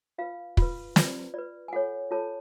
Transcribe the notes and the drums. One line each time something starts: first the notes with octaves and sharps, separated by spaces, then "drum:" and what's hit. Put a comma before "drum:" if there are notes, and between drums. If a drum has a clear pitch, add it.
F4 B4 F5
F4 B4, drum: kick
F4 B4 D5, drum: snare
F4 B4 D5
G#5
F4 A4 C#5 F#5
F4 A4 C#5 A5